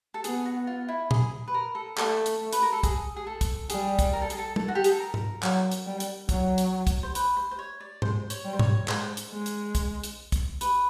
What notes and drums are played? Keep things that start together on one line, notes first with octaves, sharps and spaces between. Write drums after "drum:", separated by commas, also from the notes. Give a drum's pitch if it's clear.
A4
B3 G#4, drum: hi-hat
F#4
F4
E4
G#4, drum: tom A#2
B4
A#4
A4
A3 A4, drum: clap
drum: hi-hat
B4, drum: hi-hat
A#4
A4
G#4, drum: kick, hi-hat
G#4
A4
drum: kick, hi-hat
G3 G#4, drum: hi-hat
drum: kick, hi-hat
A#4
A4
G#4, drum: hi-hat
A4
A4, drum: tom
F#4
G4
G#4, drum: hi-hat
A4
A#4
drum: tom G#2
F#3, drum: clap
drum: hi-hat
G3
drum: hi-hat
F#3, drum: kick, hi-hat
drum: hi-hat
drum: kick, hi-hat
C5
B4, drum: hi-hat
C5
C5
C#5
D5
G#3 C5, drum: tom G#2
C#5, drum: hi-hat
G3
C5
C#5, drum: tom G#2
G#3 C5, drum: clap
drum: hi-hat
G#3
drum: hi-hat
drum: kick, hi-hat
drum: hi-hat
drum: kick, hi-hat
B4, drum: hi-hat